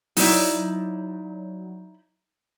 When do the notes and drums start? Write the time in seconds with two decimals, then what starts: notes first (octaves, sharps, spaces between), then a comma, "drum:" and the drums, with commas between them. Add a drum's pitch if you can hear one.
0.17 F#3 D#4 E4 D5, drum: open hi-hat